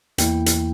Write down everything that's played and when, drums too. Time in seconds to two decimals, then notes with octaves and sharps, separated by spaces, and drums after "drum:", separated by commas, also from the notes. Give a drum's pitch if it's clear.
0.18 E2 E3 A#3 E4 G5, drum: hi-hat
0.46 drum: hi-hat